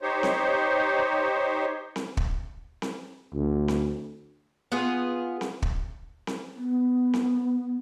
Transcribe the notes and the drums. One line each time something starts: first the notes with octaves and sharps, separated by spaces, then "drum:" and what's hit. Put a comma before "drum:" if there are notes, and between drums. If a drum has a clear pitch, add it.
D#4 G4 C5 C#5
drum: snare C4
drum: snare C4
drum: kick
drum: snare C4
D2
drum: snare C4
B3 F4 G#4
drum: snare C4
drum: kick
drum: snare C4
B3
drum: snare C4